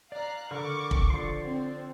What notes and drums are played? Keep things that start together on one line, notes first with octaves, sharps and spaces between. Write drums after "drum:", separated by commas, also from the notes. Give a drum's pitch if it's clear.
D5 F5 A#5 F#6
D3 A#4 B5 C#6 D6 F6 C#7
drum: kick
D3 F3 D5 C6
C4